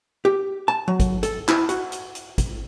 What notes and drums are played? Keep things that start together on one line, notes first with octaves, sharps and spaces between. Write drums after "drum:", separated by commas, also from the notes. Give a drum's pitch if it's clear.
G4
A5
F#3
drum: kick, hi-hat
A4, drum: hi-hat
E4, drum: clap
F#4, drum: hi-hat
drum: hi-hat
drum: hi-hat
drum: kick, hi-hat